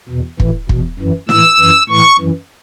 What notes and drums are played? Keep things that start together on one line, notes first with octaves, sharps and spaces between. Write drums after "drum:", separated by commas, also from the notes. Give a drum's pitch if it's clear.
E2 B2
A2 E3, drum: kick
E2 B2, drum: kick
F#2 E3
A2 E3 E6, drum: snare
F#2 E3
A2 E3 C#6
F#2 E3